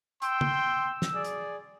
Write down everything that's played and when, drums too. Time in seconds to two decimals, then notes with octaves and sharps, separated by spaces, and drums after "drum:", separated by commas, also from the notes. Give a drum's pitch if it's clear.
0.22 G5 C6 E6, drum: hi-hat
0.41 drum: tom
1.02 drum: snare
1.14 G#4 D5
1.24 drum: hi-hat